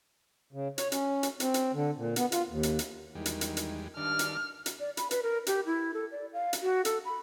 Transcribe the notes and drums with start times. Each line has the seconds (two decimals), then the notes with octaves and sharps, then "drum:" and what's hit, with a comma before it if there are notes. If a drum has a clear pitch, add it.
0.53 C#3
0.78 C#5, drum: hi-hat
0.92 C#4, drum: hi-hat
1.23 drum: hi-hat
1.40 C4, drum: hi-hat
1.54 drum: hi-hat
1.73 D3
1.97 A#2
2.16 B3, drum: hi-hat
2.32 F4, drum: hi-hat
2.49 D#2
2.63 drum: hi-hat
2.79 drum: hi-hat
3.15 E2 D#3 G3 G#3
3.26 drum: hi-hat
3.41 drum: hi-hat
3.57 drum: hi-hat
3.97 G2 D#3 D4 F6
4.19 drum: hi-hat
4.66 drum: hi-hat
4.80 D5
4.97 B5, drum: hi-hat
5.11 B4, drum: hi-hat
5.23 A#4
5.47 G4, drum: hi-hat
5.66 E4
5.94 A4
6.12 D5
6.33 F5
6.53 drum: hi-hat
6.62 F#4
6.85 A4, drum: hi-hat
7.05 B5